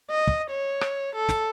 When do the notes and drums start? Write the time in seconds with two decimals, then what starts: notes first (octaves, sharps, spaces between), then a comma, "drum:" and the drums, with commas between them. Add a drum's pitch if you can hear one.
0.11 D#5
0.27 drum: kick
0.51 C#5
0.81 drum: rim click
1.15 A4
1.29 drum: snare